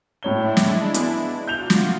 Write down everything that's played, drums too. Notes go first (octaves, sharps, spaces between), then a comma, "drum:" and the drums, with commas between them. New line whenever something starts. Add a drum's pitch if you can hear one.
A2 G#3 D4 E4 C#5 G7
drum: snare
B3, drum: hi-hat
F4 F#4 G6 F7
drum: snare